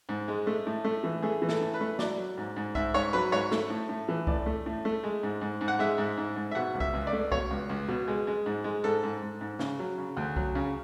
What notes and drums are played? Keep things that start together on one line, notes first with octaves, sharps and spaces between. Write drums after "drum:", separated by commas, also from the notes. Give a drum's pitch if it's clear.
G#2
G#3
A3
A2
A3
E3
A3 G#4
E3
A4, drum: snare
A2
B4
A3
F#3 D5, drum: snare
F#3
G#2
G#2
G#2 E5, drum: kick C2
G#2 C#5
F#3 B4
G#2 C#5
A3, drum: snare
A2
A2
E3
A2 D5, drum: kick C2
A3
A2
A3
G#3
G#2
G#2
G#2
F#5
G#3 E5
G#2
G#2
G#2
E5
B2 F#5
C#2
E5, drum: kick C2
C#2
D5
A3
B2 C#5, drum: kick C2
C#2
C#2
B2
G#3
G#3
G#2
G#3
G#2 A4
G#2
G#2
G#2
C#3, drum: snare
F#3
C#3
D2
F#3, drum: kick C2
C#3